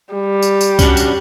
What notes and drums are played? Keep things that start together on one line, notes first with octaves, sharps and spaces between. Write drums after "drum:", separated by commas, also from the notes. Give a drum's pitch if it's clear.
G3
drum: tambourine
drum: tambourine
C#4 D4 F#4, drum: kick C2, tambourine
drum: tambourine